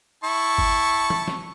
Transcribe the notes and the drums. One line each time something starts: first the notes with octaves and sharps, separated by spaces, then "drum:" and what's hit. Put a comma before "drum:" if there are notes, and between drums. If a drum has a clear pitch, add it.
E4 A5 C#6
drum: kick G1
drum: tom
drum: snare